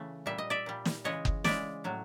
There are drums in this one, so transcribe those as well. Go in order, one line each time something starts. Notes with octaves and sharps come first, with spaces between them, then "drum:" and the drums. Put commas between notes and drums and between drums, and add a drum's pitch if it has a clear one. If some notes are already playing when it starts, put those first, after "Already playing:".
Already playing: C#3 E3 A3
A#2 G3 E5
D#5
D5 E5
A#2 G3
drum: snare
C#3 E3 G#3 C#5 D#5
drum: kick F#1
C#3 E3 G#3 D5 E5, drum: snare
A2 F#3 A3